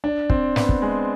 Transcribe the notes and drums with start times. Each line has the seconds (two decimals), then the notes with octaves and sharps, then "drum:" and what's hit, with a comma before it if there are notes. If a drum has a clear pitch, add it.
0.04 D4
0.30 C4, drum: kick
0.56 B3, drum: snare
0.69 drum: kick
0.82 G#3